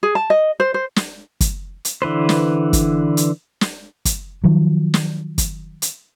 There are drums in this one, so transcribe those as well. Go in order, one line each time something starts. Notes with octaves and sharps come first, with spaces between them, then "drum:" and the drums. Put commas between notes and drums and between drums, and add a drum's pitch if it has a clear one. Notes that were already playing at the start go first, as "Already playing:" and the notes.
G#4
A5
D#5
C5
C5
drum: snare
drum: kick, hi-hat
drum: hi-hat
D3 E3 B4 C5
drum: snare
drum: kick, hi-hat
drum: hi-hat
drum: snare
drum: kick, hi-hat
D#3 F3 F#3
drum: snare
drum: kick, hi-hat
drum: hi-hat